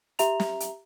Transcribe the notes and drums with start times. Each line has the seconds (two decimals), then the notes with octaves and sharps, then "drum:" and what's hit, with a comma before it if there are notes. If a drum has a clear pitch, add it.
0.19 G4 E5 A#5 F7, drum: hi-hat
0.40 drum: snare
0.60 drum: hi-hat